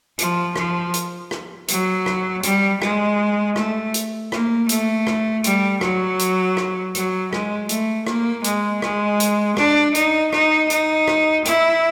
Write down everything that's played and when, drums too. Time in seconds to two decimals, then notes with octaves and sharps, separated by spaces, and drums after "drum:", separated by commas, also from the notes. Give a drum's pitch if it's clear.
0.19 F3, drum: hi-hat
0.56 F3, drum: rim click
0.94 drum: hi-hat
1.31 drum: rim click
1.68 F#3, drum: hi-hat
2.06 drum: rim click
2.43 G3, drum: hi-hat
2.82 G#3, drum: rim click
3.56 A3, drum: rim click
3.94 drum: hi-hat
4.32 A#3, drum: rim click
4.69 A3, drum: hi-hat
5.07 drum: rim click
5.44 G3, drum: hi-hat
5.81 F#3, drum: rim click
6.19 drum: hi-hat
6.57 drum: rim click
6.95 F#3, drum: hi-hat
7.33 G#3, drum: rim click
7.69 A3, drum: hi-hat
8.07 A#3, drum: rim click
8.44 G#3, drum: hi-hat
8.82 G#3, drum: rim click
9.20 drum: hi-hat
9.57 D4, drum: rim click
9.95 D#4, drum: hi-hat
10.33 D#4, drum: rim click
10.70 D#4, drum: hi-hat
11.08 drum: rim click
11.45 E4, drum: hi-hat